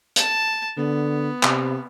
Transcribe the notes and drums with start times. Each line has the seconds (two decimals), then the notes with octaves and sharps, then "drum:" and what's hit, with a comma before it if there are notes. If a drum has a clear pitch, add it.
0.16 A5, drum: hi-hat
0.77 D3 B3
1.43 C3, drum: clap